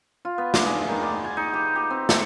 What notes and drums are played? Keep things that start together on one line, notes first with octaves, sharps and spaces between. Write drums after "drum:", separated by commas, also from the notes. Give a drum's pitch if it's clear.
F4
B3
D4, drum: snare
G#4
D#3
D5
G#5
D#4
G4
G4
C4
A4, drum: snare